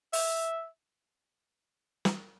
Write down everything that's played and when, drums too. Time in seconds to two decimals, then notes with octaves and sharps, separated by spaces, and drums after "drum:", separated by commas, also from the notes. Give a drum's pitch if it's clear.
0.13 E5, drum: open hi-hat
2.05 drum: snare